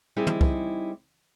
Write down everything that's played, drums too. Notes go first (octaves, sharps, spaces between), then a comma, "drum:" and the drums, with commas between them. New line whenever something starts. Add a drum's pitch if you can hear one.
G3 C4 D#4 E4 G#4
drum: tom
drum: kick